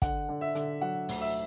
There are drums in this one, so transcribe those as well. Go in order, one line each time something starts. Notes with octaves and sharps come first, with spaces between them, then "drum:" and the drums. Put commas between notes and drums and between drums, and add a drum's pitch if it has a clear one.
D3 F#5, drum: kick, hi-hat
D3
E5
D3, drum: hi-hat
F#3 F#5
D2, drum: open hi-hat
E5